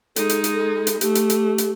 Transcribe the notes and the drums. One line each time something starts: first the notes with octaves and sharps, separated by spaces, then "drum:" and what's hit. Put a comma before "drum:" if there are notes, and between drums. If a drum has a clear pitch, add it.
G#3 D#4 A4, drum: hi-hat
drum: hi-hat
drum: hi-hat
A4
drum: hi-hat
A3 G4, drum: hi-hat
drum: hi-hat
drum: hi-hat
drum: hi-hat